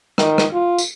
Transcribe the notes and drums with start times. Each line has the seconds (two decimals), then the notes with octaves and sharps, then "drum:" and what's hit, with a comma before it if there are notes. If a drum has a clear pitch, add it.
0.18 D#3, drum: rim click
0.38 drum: rim click
0.53 F4
0.78 drum: tambourine